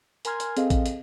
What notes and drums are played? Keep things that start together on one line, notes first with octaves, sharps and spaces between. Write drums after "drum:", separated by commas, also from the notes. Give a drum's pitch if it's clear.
A#4 G#5 A#5 C6 F6 G#6, drum: hi-hat
drum: hi-hat
C4 G#4 A4 D#5 F5, drum: hi-hat
drum: kick, hi-hat
drum: hi-hat